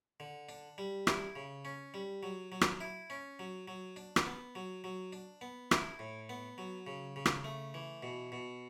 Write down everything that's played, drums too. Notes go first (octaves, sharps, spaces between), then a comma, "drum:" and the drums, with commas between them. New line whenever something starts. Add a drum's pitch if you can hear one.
D3
D4
G3
E4, drum: rim click
C#3
C#4
G3
F#3
F#3
drum: rim click
E4
C#4
F#3
F#3
D4
drum: rim click
B3
F#3
F#3
D4
B3
E4, drum: rim click
A2
B3
F#3
C#3
C#3
drum: rim click
A3
E3
B2
B2